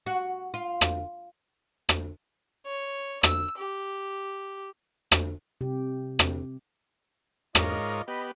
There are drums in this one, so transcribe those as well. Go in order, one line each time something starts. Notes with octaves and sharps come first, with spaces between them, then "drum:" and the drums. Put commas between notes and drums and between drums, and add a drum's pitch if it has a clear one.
F#4
F4
drum: rim click
drum: rim click
C#5
E6, drum: rim click
G4
drum: rim click
C3 G4
drum: rim click
G#2 F4 A#4 C#5 D#5 D6, drum: rim click
B3 G4 D#5 B5